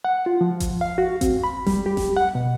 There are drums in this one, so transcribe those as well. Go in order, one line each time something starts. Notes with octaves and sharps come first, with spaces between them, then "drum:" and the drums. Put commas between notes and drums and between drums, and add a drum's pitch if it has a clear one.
F#5
F4
F3
drum: kick G#1, hi-hat
F5
F#4
C4, drum: kick G#1, hi-hat
B5
G3, drum: snare F#1
G4
drum: snare F#1
F#5
B2